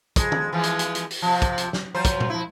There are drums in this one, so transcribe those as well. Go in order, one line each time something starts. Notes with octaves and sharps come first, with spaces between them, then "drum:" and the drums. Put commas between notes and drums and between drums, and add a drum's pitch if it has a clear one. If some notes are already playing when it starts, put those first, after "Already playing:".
F2 G#3, drum: kick, hi-hat
drum: tom
E3 F3 G#3
drum: hi-hat
drum: hi-hat
drum: hi-hat
drum: open hi-hat
C3 F3
drum: kick, hi-hat
drum: hi-hat
drum: snare
F3 F#3 C5
drum: kick, hi-hat
drum: tom
F3 E4